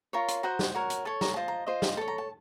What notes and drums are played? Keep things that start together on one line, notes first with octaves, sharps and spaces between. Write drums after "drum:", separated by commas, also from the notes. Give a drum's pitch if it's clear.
F4 A#4 C#5 C#6
C6, drum: hi-hat
F#4 C5 D#5 A#5
drum: snare
F#4 A#4 C#5
drum: hi-hat
A4 C#5 A5
A#5, drum: snare
F4 C5 D#5 A5
A#5
F4 C5 D#5
drum: snare
A4 C#5 A5
A#5
A5